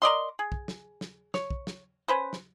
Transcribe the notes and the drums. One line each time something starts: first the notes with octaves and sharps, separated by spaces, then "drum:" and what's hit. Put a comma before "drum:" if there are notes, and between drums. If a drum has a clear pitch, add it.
A#4 D5 D#5 C6
G#4
drum: kick
drum: snare
drum: snare
C#5, drum: snare
drum: kick
drum: snare
C#4 B4 C5
drum: snare